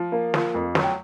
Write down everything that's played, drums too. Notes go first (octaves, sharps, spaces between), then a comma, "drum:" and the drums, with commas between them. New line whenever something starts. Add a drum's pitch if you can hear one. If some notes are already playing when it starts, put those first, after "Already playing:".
Already playing: F3
A#3
F3, drum: snare
F2
F#3, drum: snare
G5